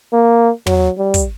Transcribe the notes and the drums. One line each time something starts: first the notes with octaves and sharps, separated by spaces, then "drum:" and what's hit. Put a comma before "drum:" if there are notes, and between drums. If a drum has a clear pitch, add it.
A#3
F#3, drum: tom
G3
drum: kick, hi-hat